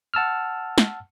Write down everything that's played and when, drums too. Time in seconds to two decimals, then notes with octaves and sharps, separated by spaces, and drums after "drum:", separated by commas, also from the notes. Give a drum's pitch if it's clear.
0.14 F#5 A5 E6 F6
0.78 drum: snare